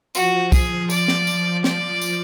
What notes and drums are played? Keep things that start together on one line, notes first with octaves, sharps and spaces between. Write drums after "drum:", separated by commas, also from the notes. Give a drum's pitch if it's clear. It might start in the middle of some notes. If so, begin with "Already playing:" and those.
F3 F#4, drum: tambourine
G#4, drum: kick, tambourine
D5, drum: tambourine
drum: snare
drum: tambourine
D5, drum: snare
drum: tambourine